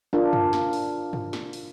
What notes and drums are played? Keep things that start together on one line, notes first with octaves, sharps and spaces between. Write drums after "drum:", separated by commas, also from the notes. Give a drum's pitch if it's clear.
D4 F4 A#4
drum: tom F#2
drum: snare
drum: open hi-hat
drum: tom
drum: snare
drum: open hi-hat